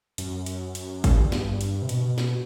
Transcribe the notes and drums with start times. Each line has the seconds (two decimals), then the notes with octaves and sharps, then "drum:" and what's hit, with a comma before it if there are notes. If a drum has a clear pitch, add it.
0.18 F#2, drum: hi-hat
0.46 drum: hi-hat
0.75 drum: hi-hat
1.04 G2, drum: kick, hi-hat
1.32 drum: snare
1.61 drum: hi-hat
1.82 C3
1.89 B2, drum: hi-hat
2.18 drum: snare